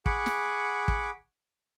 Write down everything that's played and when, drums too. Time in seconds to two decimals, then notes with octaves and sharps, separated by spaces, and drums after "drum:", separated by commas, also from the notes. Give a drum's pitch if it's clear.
0.06 G#4 F#5 B5 C#6 D6, drum: kick
0.26 drum: snare
0.88 drum: kick